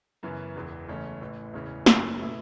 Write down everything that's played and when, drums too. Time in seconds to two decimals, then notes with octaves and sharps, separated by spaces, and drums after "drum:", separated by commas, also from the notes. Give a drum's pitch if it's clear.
0.23 F#2 C#3 E3 B3
0.56 E1 E2 E3
0.88 F#1 E2 C#3 A3 C#4
1.21 A1 A2 E3
1.53 E1 E2 C#3 E3 C#4
1.86 F#2 C#3 A3 E4, drum: snare
2.20 B2 A3 E4